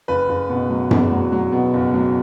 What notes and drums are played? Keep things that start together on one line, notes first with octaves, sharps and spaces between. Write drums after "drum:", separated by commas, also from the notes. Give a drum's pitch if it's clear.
F#1 B4
F#1
B2
F#3
E2, drum: tom F#2
F#3
F#3
B2
F#1
F#3